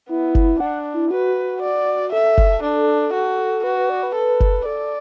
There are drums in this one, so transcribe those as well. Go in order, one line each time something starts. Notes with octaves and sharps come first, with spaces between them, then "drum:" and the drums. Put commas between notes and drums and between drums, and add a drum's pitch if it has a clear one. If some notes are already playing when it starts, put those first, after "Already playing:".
B3 E4
drum: kick F#1
D4 F#5
E4
F#4 B4
D5
A4 E5
drum: kick F#1
D4
F#4
F#4 B4
B4
D5
B4
A4
drum: kick F#1
A4 D5